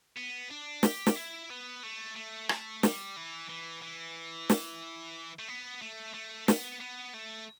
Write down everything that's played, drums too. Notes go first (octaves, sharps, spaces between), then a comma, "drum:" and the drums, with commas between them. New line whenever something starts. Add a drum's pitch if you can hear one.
B3
D4
G4, drum: snare
drum: snare
E4
B3
A3
A3
A3, drum: rim click
G3, drum: snare
E3
E3
E3
drum: snare
A3
B3
A3
A3
B3, drum: snare
B3
A3